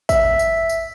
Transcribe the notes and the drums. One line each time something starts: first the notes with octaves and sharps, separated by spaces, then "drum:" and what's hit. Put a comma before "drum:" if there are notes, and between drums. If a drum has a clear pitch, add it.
E5, drum: kick, tambourine
drum: tambourine
drum: tambourine